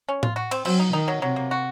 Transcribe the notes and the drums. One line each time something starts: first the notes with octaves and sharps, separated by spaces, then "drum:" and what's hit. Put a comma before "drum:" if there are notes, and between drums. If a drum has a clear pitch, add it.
C#4
F4, drum: tom
F#4
C4, drum: cymbal
F#3 C4, drum: cymbal
D#4
D#3 D#4
F#3
C3 F#3
A#3
F#4